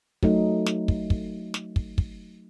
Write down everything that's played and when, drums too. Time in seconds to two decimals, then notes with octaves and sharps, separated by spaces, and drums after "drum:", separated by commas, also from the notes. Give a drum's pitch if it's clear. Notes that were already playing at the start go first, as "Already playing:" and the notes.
0.23 F#3 A3 D#4, drum: kick
0.66 drum: snare
0.88 drum: kick
1.10 drum: kick
1.54 drum: snare
1.76 drum: kick
1.98 drum: kick